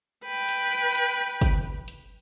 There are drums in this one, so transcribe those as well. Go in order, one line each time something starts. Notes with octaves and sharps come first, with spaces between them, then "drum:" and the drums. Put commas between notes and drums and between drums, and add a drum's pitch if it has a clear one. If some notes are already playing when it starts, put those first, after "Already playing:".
B4 G5
drum: hi-hat
drum: hi-hat
drum: kick, hi-hat
drum: hi-hat